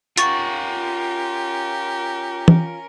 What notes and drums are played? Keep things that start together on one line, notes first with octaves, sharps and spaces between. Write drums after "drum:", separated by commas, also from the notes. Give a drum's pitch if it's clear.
C#4 F4 G4 A#4 F#5 C#6 A6, drum: hi-hat
drum: tom